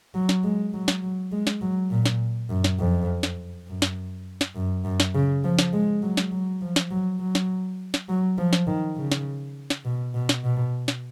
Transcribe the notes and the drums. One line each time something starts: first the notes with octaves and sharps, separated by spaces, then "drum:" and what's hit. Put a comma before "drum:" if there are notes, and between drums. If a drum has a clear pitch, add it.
F#3
drum: snare
G#3
F#3
drum: snare
F#3
G#3
drum: snare
F#3
A#2
drum: snare
F#2
drum: snare
F2
drum: snare
F#2
drum: snare
drum: snare
F#2
F#2
drum: snare
C#3
F3
drum: snare
G#3
F#3
drum: snare
F#3
F3
drum: snare
F#3
F#3
drum: snare
drum: snare
F#3
F3
drum: snare
D#3
C#3
drum: snare
drum: snare
B2
B2
drum: snare
B2
drum: snare